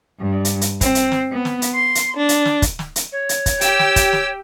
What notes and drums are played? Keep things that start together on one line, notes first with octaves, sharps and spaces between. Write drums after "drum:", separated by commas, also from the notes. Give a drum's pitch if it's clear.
G2
drum: hi-hat
drum: hi-hat
C4, drum: kick, hi-hat
drum: hi-hat
drum: snare
B3
drum: snare
drum: hi-hat
C6
drum: hi-hat
D4
drum: hi-hat
drum: snare
drum: kick, hi-hat
drum: snare
drum: hi-hat
C#5
drum: hi-hat
drum: kick, hi-hat
G4 G5 E6, drum: hi-hat
drum: snare
drum: kick, hi-hat
drum: snare